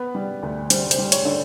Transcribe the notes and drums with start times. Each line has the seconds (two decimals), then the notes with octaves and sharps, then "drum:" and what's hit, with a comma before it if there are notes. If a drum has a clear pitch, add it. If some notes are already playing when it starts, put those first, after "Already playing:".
Already playing: B3 B4
0.15 G3
0.43 D2
0.70 G3 C5, drum: hi-hat
0.91 C5, drum: hi-hat
0.98 G3
1.12 C#5, drum: hi-hat
1.25 D3